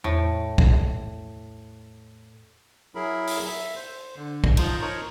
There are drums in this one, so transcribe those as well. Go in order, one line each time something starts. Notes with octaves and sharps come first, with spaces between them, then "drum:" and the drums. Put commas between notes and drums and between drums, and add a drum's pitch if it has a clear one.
E2 A2
drum: kick
F#3 E4 G#4 A#4 B5
drum: open hi-hat
E5
C5
D3
drum: kick
F3 D#4 F4 A#5 G6, drum: cymbal
A#4 C5 C#5 D#5 A#5 C#6